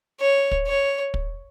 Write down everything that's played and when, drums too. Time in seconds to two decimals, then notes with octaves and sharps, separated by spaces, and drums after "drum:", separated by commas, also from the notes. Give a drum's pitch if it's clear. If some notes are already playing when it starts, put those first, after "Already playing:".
0.20 C#5
0.51 drum: kick
0.67 C#5
1.14 drum: kick